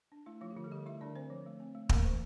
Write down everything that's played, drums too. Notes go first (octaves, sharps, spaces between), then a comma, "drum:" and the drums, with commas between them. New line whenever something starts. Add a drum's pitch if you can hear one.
D4
A3 E4
F3 A3 F4
G4
D3 F3 F4
A4
D3 G3 G4
A3 E4 E5
D3 D4 D5
C4 C5
F3
A3
C4
A3
A3 A#3 A#4, drum: kick
E3